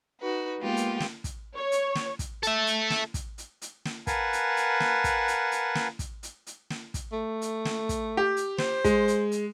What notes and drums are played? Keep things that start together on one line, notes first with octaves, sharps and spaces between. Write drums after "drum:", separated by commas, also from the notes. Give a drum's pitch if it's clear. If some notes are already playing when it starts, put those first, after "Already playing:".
D#4 F#4 B4
G#3 A#3 B3 F4 G4
drum: hi-hat
drum: snare
drum: kick, hi-hat
C#5
drum: hi-hat
drum: snare
drum: kick, hi-hat
A4 E5, drum: hi-hat
drum: hi-hat
drum: snare
drum: kick, hi-hat
drum: hi-hat
drum: hi-hat
drum: snare
A#4 B4 F5 F#5 G#5 A5, drum: kick, hi-hat
drum: hi-hat
drum: hi-hat
drum: snare
drum: kick, hi-hat
drum: hi-hat
drum: hi-hat
drum: snare
drum: kick, hi-hat
drum: hi-hat
drum: hi-hat
drum: snare
drum: kick, hi-hat
A3
drum: hi-hat
drum: snare
drum: kick, hi-hat
G4
drum: hi-hat
C5, drum: snare
G#3, drum: kick, hi-hat
drum: hi-hat
drum: hi-hat